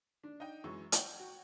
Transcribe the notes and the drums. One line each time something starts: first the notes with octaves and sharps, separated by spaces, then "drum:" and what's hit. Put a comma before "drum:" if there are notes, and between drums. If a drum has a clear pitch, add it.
D4
D#4 G5
F#2 E3 G#3 C#6
C#5 F#5 G5, drum: hi-hat
F#4